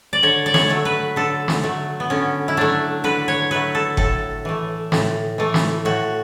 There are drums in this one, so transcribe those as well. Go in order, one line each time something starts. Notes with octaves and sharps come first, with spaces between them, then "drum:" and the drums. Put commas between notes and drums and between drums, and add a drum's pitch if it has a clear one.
D5
D3 C#5
D5
C#5, drum: snare
F#3 A3
B4
D3 A4
drum: snare
F#3 A3
B3
D3 C#4
E4
F#3 A3 D4
D3 B4
C#5
F#3 A3 B4
A4
A2 A4, drum: kick F#1
E3 A3
A2, drum: snare
E3 A3
drum: snare
A2 F#4